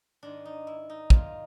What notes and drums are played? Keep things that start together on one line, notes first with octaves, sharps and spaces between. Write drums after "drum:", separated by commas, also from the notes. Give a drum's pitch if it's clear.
G#2 D#3 G#3 D4
D#4
E4
D#4
G#2 D#3 G#3 F4, drum: kick